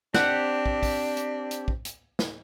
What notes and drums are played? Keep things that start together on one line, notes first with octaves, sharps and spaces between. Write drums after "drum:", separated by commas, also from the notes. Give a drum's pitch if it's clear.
C4 D4 G4 F#5, drum: snare
drum: kick
drum: kick, open hi-hat
drum: hi-hat
drum: hi-hat
drum: kick
drum: hi-hat
drum: snare